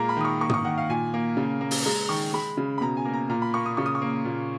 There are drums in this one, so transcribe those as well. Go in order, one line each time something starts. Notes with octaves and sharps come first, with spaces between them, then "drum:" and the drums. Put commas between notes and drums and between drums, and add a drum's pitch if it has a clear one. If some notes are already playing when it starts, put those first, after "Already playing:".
Already playing: A#2 G#3 A#3 A#5
B5
D#3 D#6
C#6
A#3 C#6
D#6, drum: tom
C#6
D#3 F#5
F5
A#2 G#5
A#3
C#3
A#3
drum: open hi-hat
G#3 A#5
D#3 C#6
G#3 B5
C#3
B5
B2 A#5
G#5
A#3
A#5
A#2 A#5
B5
A#3 C#6
D#6
C#3 C#6
D#6
C#6
A#3
A#2